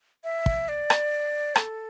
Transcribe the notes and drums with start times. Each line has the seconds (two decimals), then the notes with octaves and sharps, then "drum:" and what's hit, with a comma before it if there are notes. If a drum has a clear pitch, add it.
0.24 E5
0.46 drum: kick
0.68 D5
0.90 drum: rim click
1.56 A4, drum: rim click